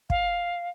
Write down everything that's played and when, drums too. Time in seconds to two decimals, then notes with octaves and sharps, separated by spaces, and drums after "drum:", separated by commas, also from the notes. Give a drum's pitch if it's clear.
0.10 F5, drum: kick